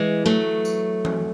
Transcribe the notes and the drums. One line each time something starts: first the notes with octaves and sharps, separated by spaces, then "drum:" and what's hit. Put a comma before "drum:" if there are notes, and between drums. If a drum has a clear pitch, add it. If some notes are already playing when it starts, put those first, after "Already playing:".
Already playing: E3 G#3
F#3 A3
drum: tambourine
drum: tom E3